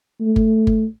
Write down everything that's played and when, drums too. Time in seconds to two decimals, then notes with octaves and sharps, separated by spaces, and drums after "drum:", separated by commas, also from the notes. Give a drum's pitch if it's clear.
0.21 A3
0.36 drum: kick G1
0.67 drum: kick G1